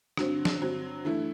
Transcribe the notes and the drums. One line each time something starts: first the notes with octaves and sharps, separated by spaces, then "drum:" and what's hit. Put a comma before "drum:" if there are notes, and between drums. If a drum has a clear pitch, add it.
G2 D3 F#3 C4, drum: rim click
drum: snare
G2 D3 F#3 C4
G2 E3 A3 E4